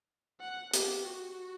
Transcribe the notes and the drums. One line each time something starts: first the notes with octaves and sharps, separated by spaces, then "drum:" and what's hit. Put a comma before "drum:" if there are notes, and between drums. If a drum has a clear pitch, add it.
F#5
G4, drum: hi-hat
F#4